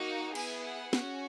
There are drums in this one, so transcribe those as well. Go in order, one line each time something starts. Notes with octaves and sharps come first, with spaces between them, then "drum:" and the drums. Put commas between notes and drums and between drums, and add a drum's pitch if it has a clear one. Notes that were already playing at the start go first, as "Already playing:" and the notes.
Already playing: A#3 D#4 F#4
B3 E4 G#4 G#5, drum: cymbal
F#5
C#4 F#4, drum: snare